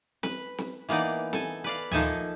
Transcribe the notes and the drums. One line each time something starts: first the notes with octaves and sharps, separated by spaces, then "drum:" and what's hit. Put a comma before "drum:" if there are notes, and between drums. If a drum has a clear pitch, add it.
B4, drum: snare
drum: snare
E3 A#3 B3 D#4 D5
A4 G#5, drum: snare
B4 D5 F5
F3 A#3 D#4 A4 E5 G#5, drum: tom D2